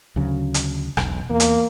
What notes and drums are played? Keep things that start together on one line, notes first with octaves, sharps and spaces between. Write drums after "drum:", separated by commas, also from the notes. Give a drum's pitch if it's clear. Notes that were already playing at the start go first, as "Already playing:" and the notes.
D2 C#3 F#3
drum: hi-hat
E1 B1, drum: rim click
E2 A#3
drum: hi-hat